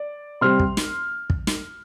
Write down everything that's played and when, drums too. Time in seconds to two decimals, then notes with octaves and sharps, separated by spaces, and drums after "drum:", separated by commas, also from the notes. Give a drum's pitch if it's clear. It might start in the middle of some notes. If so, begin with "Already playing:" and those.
Already playing: D5
0.41 C3 G3 C4 C6 F6
0.60 drum: kick
0.77 drum: snare
1.30 drum: kick
1.47 drum: snare